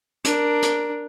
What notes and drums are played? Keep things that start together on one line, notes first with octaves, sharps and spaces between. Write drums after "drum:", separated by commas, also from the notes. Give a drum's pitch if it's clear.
D4 A#4, drum: hi-hat
drum: hi-hat